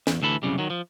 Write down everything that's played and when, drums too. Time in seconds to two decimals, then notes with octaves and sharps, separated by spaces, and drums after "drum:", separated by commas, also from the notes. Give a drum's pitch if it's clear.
0.07 E2, drum: snare
0.22 D2 E3 A4 B5
0.43 C2 F#2 C#3 G3
0.58 D#3 F#3
0.70 F3